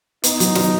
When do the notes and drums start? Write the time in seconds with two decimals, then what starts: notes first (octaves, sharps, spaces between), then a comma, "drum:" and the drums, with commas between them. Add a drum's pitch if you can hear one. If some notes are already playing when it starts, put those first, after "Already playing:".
0.24 B3 D#4, drum: hi-hat
0.40 F#3, drum: hi-hat
0.55 F#3, drum: snare